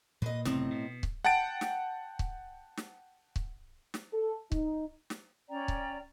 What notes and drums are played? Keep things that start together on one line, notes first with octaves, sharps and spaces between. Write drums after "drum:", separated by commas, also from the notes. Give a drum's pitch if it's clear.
A#2 A#3 B4 D#5
F#1 A2 C3 B3 C4 D#4, drum: snare
B2
drum: kick C#1
F#5 G5 A5 A6 D7
drum: snare
drum: kick C#1
drum: snare
drum: kick C#1
drum: snare
A4
D#4, drum: kick C#1
drum: snare
C#4 D5 G5 A#5
drum: kick C#1